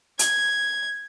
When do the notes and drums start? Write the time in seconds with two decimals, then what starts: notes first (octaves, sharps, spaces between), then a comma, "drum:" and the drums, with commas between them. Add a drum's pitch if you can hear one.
0.19 G#6, drum: hi-hat